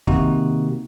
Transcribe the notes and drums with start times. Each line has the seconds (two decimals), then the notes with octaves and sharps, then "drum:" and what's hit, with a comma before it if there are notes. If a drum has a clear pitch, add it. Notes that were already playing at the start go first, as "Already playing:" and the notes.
0.07 C3 D#3 A#3 D#4 F#4, drum: kick